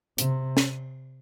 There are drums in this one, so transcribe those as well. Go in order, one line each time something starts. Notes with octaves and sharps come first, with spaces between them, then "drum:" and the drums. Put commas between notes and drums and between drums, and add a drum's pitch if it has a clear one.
C3, drum: hi-hat
drum: snare